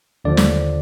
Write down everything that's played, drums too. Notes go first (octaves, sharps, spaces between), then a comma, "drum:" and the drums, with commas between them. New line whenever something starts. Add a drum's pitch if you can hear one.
D#2 D3 F3 D5
drum: snare